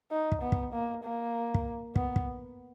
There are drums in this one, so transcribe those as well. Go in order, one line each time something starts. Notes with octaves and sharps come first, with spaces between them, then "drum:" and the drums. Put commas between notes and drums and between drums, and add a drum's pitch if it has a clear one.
D#4
drum: kick
B3
drum: kick
A#3
A#3
drum: kick
B3, drum: kick
drum: kick